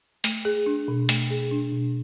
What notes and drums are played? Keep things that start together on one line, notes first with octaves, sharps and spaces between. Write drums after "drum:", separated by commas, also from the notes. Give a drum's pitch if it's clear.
A3, drum: hi-hat
G#4
D4
B2
A3, drum: hi-hat
G#4
D4
B2